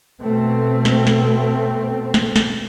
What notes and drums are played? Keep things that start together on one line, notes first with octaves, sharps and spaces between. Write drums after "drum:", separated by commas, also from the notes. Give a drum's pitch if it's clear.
B2 A3 C4
drum: snare
drum: snare
drum: snare
drum: snare